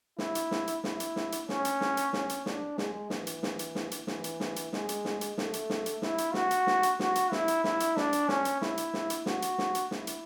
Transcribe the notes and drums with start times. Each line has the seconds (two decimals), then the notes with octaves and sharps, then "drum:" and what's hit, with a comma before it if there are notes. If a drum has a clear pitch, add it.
0.18 E4, drum: snare
0.35 drum: hi-hat
0.51 drum: snare
0.67 drum: hi-hat
0.84 E4, drum: snare
1.00 drum: hi-hat
1.16 drum: snare
1.32 drum: hi-hat
1.49 C#4, drum: snare
1.65 drum: hi-hat
1.81 drum: snare
1.97 drum: hi-hat
2.13 C#4, drum: snare
2.29 drum: hi-hat
2.46 D4, drum: snare
2.78 G#3, drum: snare
3.10 E3, drum: snare
3.27 drum: hi-hat
3.43 drum: snare
3.59 drum: hi-hat
3.75 drum: snare
3.91 drum: hi-hat
4.07 E3, drum: snare
4.24 drum: hi-hat
4.40 drum: snare
4.56 drum: hi-hat
4.73 G#3, drum: snare
4.89 drum: hi-hat
5.05 drum: snare
5.21 drum: hi-hat
5.38 A3, drum: snare
5.53 drum: hi-hat
5.70 drum: snare
5.86 drum: hi-hat
6.02 E4, drum: snare
6.18 drum: hi-hat
6.34 F#4, drum: snare
6.51 drum: hi-hat
6.67 drum: snare
6.83 drum: hi-hat
6.99 F#4, drum: snare
7.15 drum: hi-hat
7.32 E4, drum: snare
7.48 drum: hi-hat
7.64 E4, drum: snare
7.80 drum: hi-hat
7.97 D4, drum: snare
8.13 drum: hi-hat
8.29 C#4, drum: snare
8.45 drum: hi-hat
8.62 E4, drum: snare
8.77 drum: hi-hat
8.94 drum: snare
9.10 drum: hi-hat
9.26 F#4, drum: snare
9.42 drum: hi-hat
9.58 drum: snare
9.75 drum: hi-hat
9.91 E4, drum: snare
10.07 drum: hi-hat